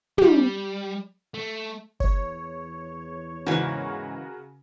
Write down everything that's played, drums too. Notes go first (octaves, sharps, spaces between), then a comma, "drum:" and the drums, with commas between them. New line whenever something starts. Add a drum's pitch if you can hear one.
G3, drum: tom
A3
E2 C#5, drum: kick F#1
G#2 C#3 E3 F#4 A#4